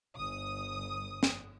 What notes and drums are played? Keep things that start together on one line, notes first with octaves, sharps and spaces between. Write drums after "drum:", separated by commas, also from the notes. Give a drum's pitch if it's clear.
G1 D#6
drum: snare